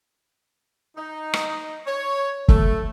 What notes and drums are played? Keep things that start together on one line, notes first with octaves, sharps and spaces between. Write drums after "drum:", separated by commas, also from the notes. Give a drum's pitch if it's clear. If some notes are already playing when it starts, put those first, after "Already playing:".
D#4
drum: rim click
C#5
A3, drum: kick